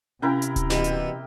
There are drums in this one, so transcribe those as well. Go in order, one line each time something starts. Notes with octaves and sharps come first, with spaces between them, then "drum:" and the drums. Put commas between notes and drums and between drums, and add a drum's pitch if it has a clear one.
C3 C#4 E4 A#4 F5 G5 G#5
drum: hi-hat
drum: kick D1, hi-hat
B2 E3 B3 G4, drum: snare
drum: hi-hat